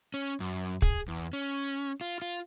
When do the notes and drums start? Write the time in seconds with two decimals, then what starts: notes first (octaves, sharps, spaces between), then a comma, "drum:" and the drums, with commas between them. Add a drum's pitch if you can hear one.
0.14 C#4
0.40 F#2
0.82 G#4, drum: kick
1.08 E2
1.33 C#4
2.01 F4
2.22 F4